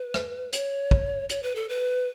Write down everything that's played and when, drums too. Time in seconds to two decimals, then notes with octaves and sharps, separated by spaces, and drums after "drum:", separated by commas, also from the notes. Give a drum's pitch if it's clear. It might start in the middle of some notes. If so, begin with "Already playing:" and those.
Already playing: B4
0.14 drum: rim click
0.53 C#5, drum: hi-hat
0.91 drum: kick
1.29 C#5, drum: hi-hat
1.43 B4
1.55 A4
1.69 B4